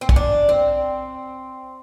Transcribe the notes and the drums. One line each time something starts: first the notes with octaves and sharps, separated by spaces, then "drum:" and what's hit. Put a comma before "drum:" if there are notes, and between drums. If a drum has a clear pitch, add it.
C4
C#4, drum: kick
D4
C4